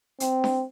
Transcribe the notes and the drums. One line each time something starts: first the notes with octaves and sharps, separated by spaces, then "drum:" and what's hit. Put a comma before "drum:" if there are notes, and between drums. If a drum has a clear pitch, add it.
C4, drum: hi-hat
drum: snare D4